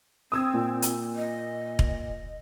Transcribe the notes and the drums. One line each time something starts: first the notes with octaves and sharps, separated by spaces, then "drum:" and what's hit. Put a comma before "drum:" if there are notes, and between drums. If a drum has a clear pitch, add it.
C4 D#6 E6 G#6
A#2
drum: hi-hat
D#5
drum: kick E1